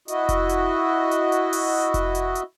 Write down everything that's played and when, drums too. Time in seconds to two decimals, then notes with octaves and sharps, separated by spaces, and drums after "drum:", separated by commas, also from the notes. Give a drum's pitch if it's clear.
0.08 E4 F#4 D#5, drum: hi-hat
0.29 drum: kick F1, hi-hat
0.49 drum: hi-hat
1.11 drum: hi-hat
1.32 drum: hi-hat
1.53 drum: open hi-hat
1.94 drum: kick F1, hi-hat
2.15 drum: hi-hat
2.35 drum: hi-hat